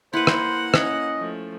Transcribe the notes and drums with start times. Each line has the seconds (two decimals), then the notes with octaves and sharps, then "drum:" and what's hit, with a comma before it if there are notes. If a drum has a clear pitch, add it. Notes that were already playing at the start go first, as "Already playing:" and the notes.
0.13 A#3 E4 B4 C5 F#5
0.27 drum: rim click
0.74 C#4 D#5, drum: rim click
1.18 F3 A3